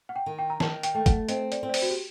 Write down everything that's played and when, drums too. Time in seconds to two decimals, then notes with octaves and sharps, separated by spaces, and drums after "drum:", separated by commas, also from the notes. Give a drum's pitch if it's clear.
0.09 F#5
0.16 G5
0.26 D#3
0.39 G5
0.50 A#5
0.60 D#3 A5, drum: snare
0.83 G5, drum: hi-hat
0.95 A3 G5
1.06 F#5, drum: kick, hi-hat
1.29 C4 D#5, drum: hi-hat
1.52 D5, drum: hi-hat
1.63 C4
1.69 D5
1.74 C5, drum: open hi-hat
1.82 F#4
1.90 G4